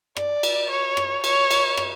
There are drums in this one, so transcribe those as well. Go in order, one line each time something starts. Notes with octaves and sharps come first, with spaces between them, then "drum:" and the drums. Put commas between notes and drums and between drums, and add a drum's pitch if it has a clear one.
D5, drum: rim click
drum: cymbal
C#5
drum: rim click
C#5, drum: cymbal
drum: cymbal
drum: rim click